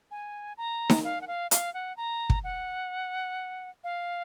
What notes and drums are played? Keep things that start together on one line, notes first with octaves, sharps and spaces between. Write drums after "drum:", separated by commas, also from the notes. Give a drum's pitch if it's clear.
G#5
A#5
drum: snare D#4
F5
F#5
F5
F5, drum: hi-hat
F#5
A#5
drum: kick
F#5
F5